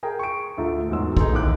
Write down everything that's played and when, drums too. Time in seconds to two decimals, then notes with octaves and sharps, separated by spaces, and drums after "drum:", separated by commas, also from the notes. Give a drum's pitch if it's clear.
0.03 G#4 A#4 G5 A#5
0.19 C#6 D7
0.58 D2 F4 A4 A#5
0.89 E2 G#2 F#3 C6 E6
1.17 D#4 G#4 A4 B4 C6, drum: kick
1.33 D#2 E3 D6 F#6